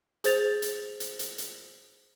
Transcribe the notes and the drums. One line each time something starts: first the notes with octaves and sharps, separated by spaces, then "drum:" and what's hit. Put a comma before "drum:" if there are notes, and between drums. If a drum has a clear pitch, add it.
G#4 C5 A6 F7, drum: hi-hat
drum: hi-hat
drum: hi-hat
drum: hi-hat
drum: hi-hat